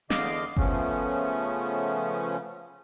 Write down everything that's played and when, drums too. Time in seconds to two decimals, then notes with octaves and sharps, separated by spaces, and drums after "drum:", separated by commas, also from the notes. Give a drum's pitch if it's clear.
0.10 E2 D3 D#5 F5 D6, drum: snare
0.57 C#3 F3 A3 B3 C#4, drum: kick G1